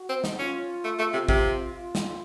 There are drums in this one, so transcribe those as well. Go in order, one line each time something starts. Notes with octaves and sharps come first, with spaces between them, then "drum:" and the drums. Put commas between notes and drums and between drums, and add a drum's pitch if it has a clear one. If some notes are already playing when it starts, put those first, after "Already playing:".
Already playing: F#4
C4
D#4, drum: snare
C#4 F4
A3
A3
C3
C3, drum: kick
F4
drum: snare